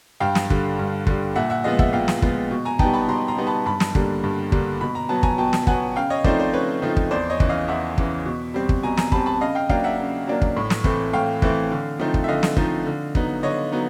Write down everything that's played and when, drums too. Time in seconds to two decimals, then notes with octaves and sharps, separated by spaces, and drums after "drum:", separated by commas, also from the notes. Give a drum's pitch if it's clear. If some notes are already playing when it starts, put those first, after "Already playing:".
0.20 G2 F5 G5
0.35 drum: snare
0.50 D3 G3, drum: kick
0.79 G2
1.07 D3 G3, drum: kick
1.36 A#2 E5 F#5
1.50 E5 F#5
1.64 F3 G#3 B3 D#5 F5
1.79 E5 F#5, drum: kick
1.93 A#2 F5 G5
2.08 drum: snare
2.22 F3 G#3 B3, drum: kick
2.51 B2
2.65 G#5 A#5
2.79 G3 B3 D#4 G5 A5, drum: kick
2.93 A5 B5
3.08 B2 A#5 C6
3.28 A#5 C6
3.37 G3 B3 D#4
3.47 A5 B5
3.66 G2 A5 B5
3.80 drum: snare
3.95 D3 G3 A#3, drum: kick
4.24 G2
4.52 D3 G3 A#3, drum: kick
4.81 B2 B5
4.95 A#5
5.09 F#3 B3 A5
5.23 G#5 A#5, drum: kick
5.38 B2 G5 A5
5.53 drum: snare
5.67 F#3 B3 F#5 G#5, drum: kick
5.96 C#3 F5 G5
6.10 C#5 D#5
6.24 F3 A3 C4 D#4 C5 D5, drum: kick
6.39 C5 D5
6.53 C#3 B4 C#5
6.82 F3 A3 C4 D#4
6.97 drum: kick
7.11 E2 C5 D5
7.30 C#5 D#5
7.40 C#3 E3, drum: kick
7.49 D#5 F5
7.68 E2 E5 F#5
7.98 C#3 E3, drum: kick
8.26 B2
8.54 G3 C4
8.69 drum: kick
8.83 B2 G#5 A#5
8.97 G#5 A#5, drum: snare
9.12 G3 C4 A5 B5, drum: kick
9.26 A5 B5
9.41 C#3 D#5 F5
9.55 F5 G5
9.69 F#3 A#3 D4 F5 G5, drum: kick
9.84 E5 F#5
9.99 C#3
10.27 F#3 A#3 D4
10.42 drum: kick
10.57 A2
10.70 drum: snare
10.84 E3 A3 C4, drum: kick
11.13 A2 F5 G5
11.42 E3 A3 C4, drum: kick
11.72 D3
11.99 F3 A3 C4 D#4
12.14 drum: kick
12.24 E5
12.28 D3 D#5 F5
12.43 drum: snare
12.57 F3 A3 C4 D#4, drum: kick
12.86 D3
13.15 F#3 B3 D#4, drum: kick
13.43 D3 C#5 D#5
13.72 F#3 B3 D#4